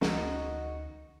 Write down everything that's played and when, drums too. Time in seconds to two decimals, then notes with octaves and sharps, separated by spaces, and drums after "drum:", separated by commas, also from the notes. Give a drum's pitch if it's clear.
0.01 D2 D#4 F#4, drum: snare